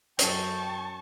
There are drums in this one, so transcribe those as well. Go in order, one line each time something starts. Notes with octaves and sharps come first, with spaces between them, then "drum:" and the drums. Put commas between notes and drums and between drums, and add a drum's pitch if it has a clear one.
F#2 G5 A5 C#6, drum: hi-hat